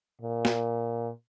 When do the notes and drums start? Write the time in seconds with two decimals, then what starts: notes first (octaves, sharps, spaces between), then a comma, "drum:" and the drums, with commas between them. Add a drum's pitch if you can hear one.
0.21 A#2
0.45 drum: snare